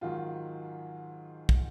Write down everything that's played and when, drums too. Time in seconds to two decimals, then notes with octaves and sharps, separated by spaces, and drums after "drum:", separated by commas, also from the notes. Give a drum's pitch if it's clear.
0.01 G#2 D#3 F#3 F4
1.49 drum: kick